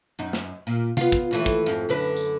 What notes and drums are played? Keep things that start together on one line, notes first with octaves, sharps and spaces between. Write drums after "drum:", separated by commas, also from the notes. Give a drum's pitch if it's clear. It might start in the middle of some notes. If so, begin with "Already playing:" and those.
F#2 D#4
drum: snare
A#2
B3 F4, drum: tom C3
drum: kick
D#2 E3 A3
drum: kick
F2 G#2
F#2 D3 B4
drum: tambourine